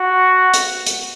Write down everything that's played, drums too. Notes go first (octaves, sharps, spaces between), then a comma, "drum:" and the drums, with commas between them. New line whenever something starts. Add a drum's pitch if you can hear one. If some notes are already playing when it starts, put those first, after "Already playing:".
Already playing: F#4
drum: hi-hat
drum: hi-hat